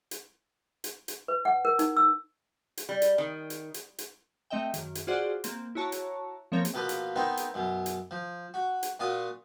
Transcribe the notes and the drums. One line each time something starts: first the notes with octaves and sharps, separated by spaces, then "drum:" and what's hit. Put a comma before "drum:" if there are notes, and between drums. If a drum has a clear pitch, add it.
drum: hi-hat
drum: hi-hat
drum: hi-hat
B4
F#5
A#4
D#4, drum: hi-hat
E6
drum: hi-hat
G3
drum: hi-hat
D#3
drum: hi-hat
drum: hi-hat
drum: hi-hat
A3 C4 D#5 E5 G5
F#2 D#3, drum: hi-hat
drum: hi-hat
F4 F#4 G#4 C5 D5 F#5
A#3 C4, drum: hi-hat
E4 F#4 C#5 A5 A#5 C#6
drum: hi-hat
F3 A3 A#3 C4 A#4 C#5
drum: hi-hat
B2 F3 A#3 B4
drum: hi-hat
B3 C4 D#4 A#4 C5
drum: hi-hat
F#2 B2
drum: hi-hat
F3
F#4
drum: hi-hat
A#2 F4 F#4 D#6